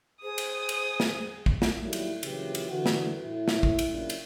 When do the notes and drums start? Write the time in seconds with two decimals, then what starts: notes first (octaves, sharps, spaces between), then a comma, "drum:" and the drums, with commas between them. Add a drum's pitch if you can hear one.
0.23 G#4 C5 D#6
0.38 drum: cymbal
0.69 drum: cymbal
1.00 drum: snare
1.46 drum: kick
1.62 drum: snare
1.83 A2 D#3 F#3 G3 A#3 E4
1.93 drum: cymbal
2.23 A#1 A#2 C#3 E3 F#3 G4, drum: cymbal
2.55 drum: cymbal
2.70 D3 E3 F#4
2.86 drum: snare
3.24 A2 E4
3.48 drum: snare
3.63 drum: kick
3.79 drum: cymbal
3.91 F#2 A#2 C#3 D4 E4
4.10 drum: cymbal